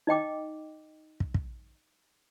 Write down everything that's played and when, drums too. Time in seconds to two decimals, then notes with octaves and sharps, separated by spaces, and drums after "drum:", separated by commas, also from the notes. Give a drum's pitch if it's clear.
0.07 D#4 D#5 G5 D6
1.20 drum: kick
1.34 drum: kick